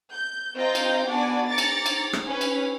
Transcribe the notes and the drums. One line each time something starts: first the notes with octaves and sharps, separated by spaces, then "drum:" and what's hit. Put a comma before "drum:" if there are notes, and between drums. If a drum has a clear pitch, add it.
G6
C4 F4 D#5 G5 A#5 G6
drum: cymbal
B3 D4 F#4 D5 F#5 G#5
A#5 D6 A6 C#7
drum: cymbal
drum: cymbal
drum: rim click
C#4 B4
drum: cymbal